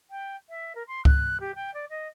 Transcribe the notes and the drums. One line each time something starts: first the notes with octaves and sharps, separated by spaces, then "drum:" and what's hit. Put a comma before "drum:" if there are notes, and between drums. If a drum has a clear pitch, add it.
G5
E5
A#4
C6
F#6, drum: kick C#2
G4
G5
D5
D#5